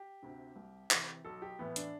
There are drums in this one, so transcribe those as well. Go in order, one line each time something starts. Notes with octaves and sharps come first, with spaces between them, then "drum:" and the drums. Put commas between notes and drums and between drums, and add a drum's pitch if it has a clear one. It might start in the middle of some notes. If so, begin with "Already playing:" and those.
Already playing: G4
D2 C3
C2
C3 E3, drum: clap
B1 A4
G4
A2 E3 B3
D4, drum: hi-hat